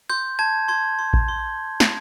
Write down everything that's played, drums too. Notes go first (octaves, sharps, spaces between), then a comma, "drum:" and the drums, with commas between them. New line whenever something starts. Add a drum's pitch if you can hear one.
C6 G6
A5 G#6
C6 G#6
C6
drum: kick A1
C6
drum: snare